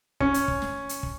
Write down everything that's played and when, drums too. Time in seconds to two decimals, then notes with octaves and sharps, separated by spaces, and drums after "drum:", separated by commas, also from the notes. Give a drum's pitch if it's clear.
0.20 C#4, drum: kick
0.34 drum: hi-hat
0.48 drum: kick
0.62 drum: snare
0.89 drum: hi-hat
1.03 drum: kick